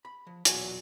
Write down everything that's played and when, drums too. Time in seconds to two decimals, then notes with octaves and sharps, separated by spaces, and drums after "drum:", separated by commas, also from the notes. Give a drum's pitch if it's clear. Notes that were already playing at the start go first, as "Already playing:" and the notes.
0.05 B5
0.27 F3
0.45 B1 E2 A#2 F#3 F#4 G#5, drum: hi-hat